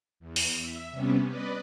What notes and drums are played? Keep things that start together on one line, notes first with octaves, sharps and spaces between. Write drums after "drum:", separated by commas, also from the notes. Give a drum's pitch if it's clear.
E2
drum: open hi-hat
E5
C3 G3 B3 C#4
B4 D5 D#5